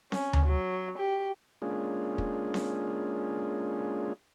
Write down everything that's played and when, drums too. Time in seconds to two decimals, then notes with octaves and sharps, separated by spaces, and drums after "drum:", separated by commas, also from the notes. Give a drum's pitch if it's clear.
0.12 C#4, drum: snare C4
0.33 drum: tom D2
0.46 F#3
0.98 G4
1.62 G#3 A#3 C#4 D4 F4 G#4
2.18 drum: kick
2.54 drum: snare C4